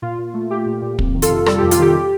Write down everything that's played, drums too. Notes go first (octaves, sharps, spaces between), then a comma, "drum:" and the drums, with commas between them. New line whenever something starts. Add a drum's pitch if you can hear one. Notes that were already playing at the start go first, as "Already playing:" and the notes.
A#2 F4
A#2
A3
A3 G4
A#2
A#2
F2, drum: kick
D#3
F4 A4, drum: hi-hat
C3
G3 F4 A4, drum: rim click
G4
F2
F4, drum: hi-hat
D#3 G4